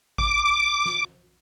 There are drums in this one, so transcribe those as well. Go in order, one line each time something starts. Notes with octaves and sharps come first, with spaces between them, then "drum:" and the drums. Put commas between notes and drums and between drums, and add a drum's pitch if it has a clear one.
D6, drum: kick G#1
drum: snare